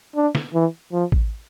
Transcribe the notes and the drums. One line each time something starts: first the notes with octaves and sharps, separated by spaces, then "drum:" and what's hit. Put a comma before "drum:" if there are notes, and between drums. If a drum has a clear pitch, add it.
D4
drum: snare
E3
F3
drum: kick